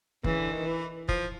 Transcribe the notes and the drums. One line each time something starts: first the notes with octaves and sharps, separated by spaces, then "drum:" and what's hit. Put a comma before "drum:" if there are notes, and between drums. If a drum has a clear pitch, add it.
C#3 E3, drum: kick F1
D3
D#3
E3
F3, drum: kick F1